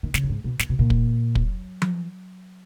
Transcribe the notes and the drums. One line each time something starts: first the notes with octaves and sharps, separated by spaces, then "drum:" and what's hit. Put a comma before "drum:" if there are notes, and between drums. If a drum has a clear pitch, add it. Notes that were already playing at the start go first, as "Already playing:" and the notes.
D#3
C#3, drum: snare
A#2
G#2
B2
A#2, drum: snare
B2
A#2
drum: kick
F#3, drum: kick
drum: tom F3